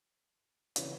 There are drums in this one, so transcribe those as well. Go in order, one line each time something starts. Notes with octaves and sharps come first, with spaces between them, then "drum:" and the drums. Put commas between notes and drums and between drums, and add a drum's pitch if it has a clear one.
C#3 E3 B4 C#5, drum: hi-hat